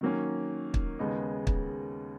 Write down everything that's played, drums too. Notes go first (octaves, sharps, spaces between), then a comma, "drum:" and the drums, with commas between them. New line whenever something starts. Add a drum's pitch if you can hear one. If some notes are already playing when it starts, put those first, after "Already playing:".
D#3 F#3 A#3 C#4
drum: kick
D#2 C#3 G#3 B3 D#4
drum: kick